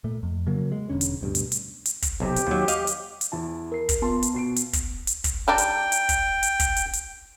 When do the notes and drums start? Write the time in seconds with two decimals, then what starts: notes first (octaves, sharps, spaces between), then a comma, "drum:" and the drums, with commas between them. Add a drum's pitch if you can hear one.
0.04 A#2 A3
0.23 F2
0.47 C#3 F#3 A#3
0.72 G#3
0.89 E1 B1 D3 C#4
1.01 drum: hi-hat
1.21 D2 G2 B2
1.35 drum: hi-hat
1.52 drum: hi-hat
1.85 drum: hi-hat
2.02 drum: kick, hi-hat
2.20 B1 C3 G4
2.36 drum: hi-hat
2.47 D#2 F#3
2.68 D#5 F5, drum: hi-hat
2.87 drum: hi-hat
3.21 drum: hi-hat
3.32 E2 E4 A5
3.72 A#4 C7
3.89 drum: kick, hi-hat
4.02 B3 F4 A5 C6
4.23 drum: hi-hat
4.34 B2 C7 D7
4.56 drum: hi-hat
4.73 drum: kick, hi-hat
5.07 drum: hi-hat
5.24 drum: kick, hi-hat
5.48 G3 D4 D#4 G5
5.58 drum: hi-hat
5.92 drum: hi-hat
6.09 drum: kick, hi-hat
6.43 drum: hi-hat
6.60 drum: kick, hi-hat
6.76 drum: hi-hat
6.93 drum: hi-hat